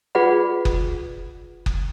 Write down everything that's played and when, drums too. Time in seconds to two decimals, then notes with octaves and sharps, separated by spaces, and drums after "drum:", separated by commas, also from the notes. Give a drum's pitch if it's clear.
0.15 F4 G#4 B4 D5 F#5 B5
0.65 drum: kick F#1
1.66 drum: kick F#1